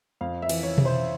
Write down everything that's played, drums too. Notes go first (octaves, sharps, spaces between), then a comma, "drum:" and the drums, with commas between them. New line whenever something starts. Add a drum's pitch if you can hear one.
F2 F5
E5
E3, drum: cymbal
C#5
E3, drum: tom B2
C5